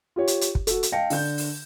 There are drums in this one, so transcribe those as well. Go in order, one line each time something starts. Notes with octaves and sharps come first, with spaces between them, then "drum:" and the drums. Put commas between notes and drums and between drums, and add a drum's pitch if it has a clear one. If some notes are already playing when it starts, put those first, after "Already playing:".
F4 G4 C#5
drum: hi-hat
drum: hi-hat
drum: kick
F#4 A4, drum: hi-hat
drum: hi-hat
D#5 F5 G5 A5 A#6 C#7
D3 D4 G6, drum: open hi-hat
drum: open hi-hat